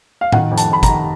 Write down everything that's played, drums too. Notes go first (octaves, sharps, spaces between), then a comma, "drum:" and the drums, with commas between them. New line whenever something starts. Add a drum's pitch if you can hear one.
F5
D#3 F#5, drum: tom A2
F2
A5, drum: hi-hat
F2 B5
A#5, drum: kick, hi-hat
D#3